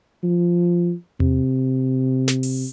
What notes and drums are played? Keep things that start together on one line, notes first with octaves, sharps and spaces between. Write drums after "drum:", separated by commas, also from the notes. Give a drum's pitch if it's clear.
F3
C3, drum: tom E2
drum: snare
drum: open hi-hat